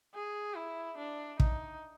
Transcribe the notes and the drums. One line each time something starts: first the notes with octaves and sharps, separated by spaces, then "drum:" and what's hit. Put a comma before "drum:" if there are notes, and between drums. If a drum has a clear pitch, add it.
G#4
E4
D4
D#4, drum: kick